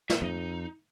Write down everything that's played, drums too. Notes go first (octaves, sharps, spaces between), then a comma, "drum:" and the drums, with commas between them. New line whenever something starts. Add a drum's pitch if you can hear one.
C2 E5, drum: snare
F2 D#4